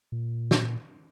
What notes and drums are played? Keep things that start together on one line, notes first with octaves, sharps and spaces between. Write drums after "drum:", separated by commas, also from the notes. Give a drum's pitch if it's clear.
A#2
drum: snare